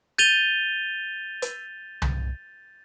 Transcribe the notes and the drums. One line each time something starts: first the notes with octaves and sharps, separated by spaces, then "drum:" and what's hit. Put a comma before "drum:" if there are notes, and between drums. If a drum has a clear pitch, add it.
G6 A6 D#7 F7 G7
drum: hi-hat
drum: tom C2